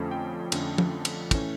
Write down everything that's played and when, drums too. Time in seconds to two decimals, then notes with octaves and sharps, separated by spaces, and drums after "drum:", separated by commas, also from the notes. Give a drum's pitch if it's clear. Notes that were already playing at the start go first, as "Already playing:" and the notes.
Already playing: F2 D3 F3 A3 C#4
0.11 G5
0.52 F2 D3 F3 A3 C#4, drum: cymbal
0.78 drum: tom
1.05 drum: cymbal
1.31 A2 E3 A3 C#4, drum: kick, cymbal